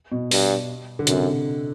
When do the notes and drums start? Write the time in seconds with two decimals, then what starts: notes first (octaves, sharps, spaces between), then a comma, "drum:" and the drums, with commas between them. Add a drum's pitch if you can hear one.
0.12 B2
0.31 G2, drum: open hi-hat
0.99 D3
1.07 F#2 C3, drum: hi-hat